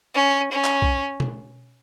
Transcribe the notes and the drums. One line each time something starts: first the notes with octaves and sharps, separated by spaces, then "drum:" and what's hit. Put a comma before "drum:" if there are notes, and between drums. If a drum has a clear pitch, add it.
C#4
C#4
drum: clap
drum: kick B1
drum: tom B2